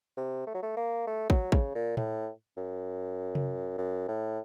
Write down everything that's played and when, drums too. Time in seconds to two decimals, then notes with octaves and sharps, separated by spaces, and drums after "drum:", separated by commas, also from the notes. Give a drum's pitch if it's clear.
0.17 C3
0.47 A3
0.54 F#3
0.63 A3
0.77 A#3
1.07 A3
1.30 F#3, drum: kick
1.52 C#3, drum: kick
1.75 A#2
1.97 A2, drum: tom A2
2.57 F#2
3.35 drum: tom C3
3.78 F#2
4.08 A2